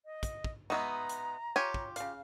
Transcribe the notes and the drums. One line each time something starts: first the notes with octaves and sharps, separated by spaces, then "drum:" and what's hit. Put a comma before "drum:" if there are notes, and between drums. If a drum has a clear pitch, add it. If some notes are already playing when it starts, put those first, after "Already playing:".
D#5
drum: kick, hi-hat
drum: kick
G#3 B3 D#4 F#4 E5 A#5
drum: hi-hat
F4 G4 C#5 G#5
drum: kick
C#3 F5, drum: hi-hat